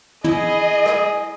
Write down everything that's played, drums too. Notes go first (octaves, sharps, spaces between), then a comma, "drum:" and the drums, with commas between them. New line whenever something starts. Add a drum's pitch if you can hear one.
E4 G#4 D#5, drum: tom
drum: rim click